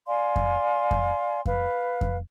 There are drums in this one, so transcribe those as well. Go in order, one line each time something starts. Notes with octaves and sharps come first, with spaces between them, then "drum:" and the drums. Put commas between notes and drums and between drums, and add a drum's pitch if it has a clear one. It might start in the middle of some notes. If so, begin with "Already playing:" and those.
D5 F5 G#5 C6
drum: kick F2
drum: kick F2
B4 F5, drum: kick F2
drum: kick F2